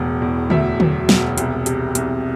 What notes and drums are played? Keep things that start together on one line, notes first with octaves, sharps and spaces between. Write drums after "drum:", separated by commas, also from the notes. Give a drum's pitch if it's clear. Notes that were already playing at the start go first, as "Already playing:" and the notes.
Already playing: E1 E2 A2
E2
D2 E5, drum: tom D3
F#3, drum: tom D3
E1, drum: snare
C2, drum: hi-hat
C3, drum: hi-hat
C2, drum: hi-hat